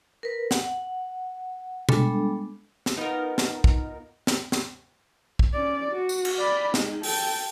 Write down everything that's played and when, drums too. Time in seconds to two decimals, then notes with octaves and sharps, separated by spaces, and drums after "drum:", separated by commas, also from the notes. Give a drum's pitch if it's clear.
0.23 A#4 B4
0.51 F#5, drum: snare
1.89 G3 G#3 B3 D4 A4, drum: tom B2
2.86 drum: snare
2.97 B3 D#4 F4 A#4
3.38 drum: snare
3.64 drum: kick
4.27 drum: snare
4.52 drum: snare
5.39 drum: kick
5.53 C#4 D5
5.92 F#4
6.09 drum: tambourine
6.25 drum: cymbal
6.38 D5 B5
6.74 G#3 D#4, drum: snare
7.03 A4 G5, drum: open hi-hat